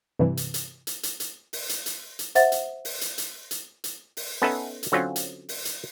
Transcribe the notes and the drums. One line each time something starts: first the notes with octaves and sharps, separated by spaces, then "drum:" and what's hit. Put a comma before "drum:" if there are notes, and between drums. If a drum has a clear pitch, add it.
G2 C3 E3
drum: hi-hat
drum: hi-hat
drum: hi-hat
drum: hi-hat
drum: hi-hat
drum: open hi-hat
drum: hi-hat
drum: hi-hat
drum: hi-hat
C5 E5 F#5 A6, drum: hi-hat
drum: hi-hat
drum: open hi-hat
drum: hi-hat
drum: hi-hat
drum: hi-hat
drum: hi-hat
drum: open hi-hat
B3 C#4 D#4 A4 B4 E5
drum: hi-hat
D3 F#3 C4 C#4 F4
drum: hi-hat
drum: open hi-hat
drum: hi-hat